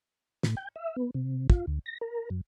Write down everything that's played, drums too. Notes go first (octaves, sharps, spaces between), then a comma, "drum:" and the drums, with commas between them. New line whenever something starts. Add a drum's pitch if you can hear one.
A2, drum: snare
G5
E5
B3
C3
F4, drum: kick
D2
A#6
A#4
F#2